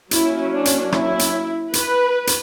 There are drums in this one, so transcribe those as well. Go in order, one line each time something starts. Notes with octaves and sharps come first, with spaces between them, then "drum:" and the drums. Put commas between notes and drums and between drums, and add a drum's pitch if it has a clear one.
F#3 A#3 C#4 E4, drum: hi-hat
D4
drum: hi-hat
E4, drum: rim click
drum: hi-hat
B4, drum: hi-hat
drum: hi-hat